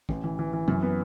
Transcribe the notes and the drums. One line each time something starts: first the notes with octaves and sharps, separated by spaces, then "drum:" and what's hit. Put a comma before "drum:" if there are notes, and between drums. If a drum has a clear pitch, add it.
A1, drum: kick
E3
E3
E3
F#2, drum: tom C3
B3